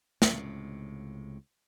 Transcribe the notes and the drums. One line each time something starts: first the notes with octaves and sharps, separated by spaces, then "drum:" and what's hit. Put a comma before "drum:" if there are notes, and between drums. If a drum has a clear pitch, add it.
C#2 A2 C3, drum: snare